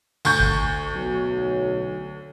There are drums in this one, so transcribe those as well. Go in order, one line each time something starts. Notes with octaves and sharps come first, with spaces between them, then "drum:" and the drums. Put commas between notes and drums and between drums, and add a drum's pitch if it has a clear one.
D2 C#6 G6, drum: tambourine
drum: kick G#1
B1 F#3